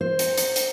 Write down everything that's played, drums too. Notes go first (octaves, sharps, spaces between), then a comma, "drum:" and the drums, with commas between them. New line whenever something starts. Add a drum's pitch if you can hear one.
C5
drum: hi-hat
drum: hi-hat
drum: hi-hat